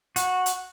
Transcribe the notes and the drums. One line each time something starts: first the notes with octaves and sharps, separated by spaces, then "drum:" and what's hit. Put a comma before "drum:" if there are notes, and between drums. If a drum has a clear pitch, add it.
F#4, drum: hi-hat
drum: hi-hat